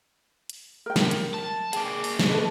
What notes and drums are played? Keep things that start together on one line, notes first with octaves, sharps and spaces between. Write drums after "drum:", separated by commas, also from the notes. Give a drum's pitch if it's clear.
drum: hi-hat
A#4 G5
drum: snare
drum: hi-hat
A5
A#3 G#4 G5, drum: hi-hat
drum: open hi-hat
drum: snare
A4 B4 D#5